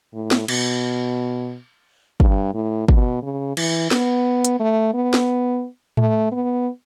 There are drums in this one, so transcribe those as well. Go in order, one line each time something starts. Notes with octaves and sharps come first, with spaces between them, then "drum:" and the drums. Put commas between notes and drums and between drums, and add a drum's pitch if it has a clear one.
A2
drum: snare
B2, drum: cymbal
G2, drum: kick
A2
B2, drum: kick
C#3
E3, drum: cymbal
B3, drum: snare
drum: hi-hat
A3
B3
drum: snare
A3, drum: tom A2
B3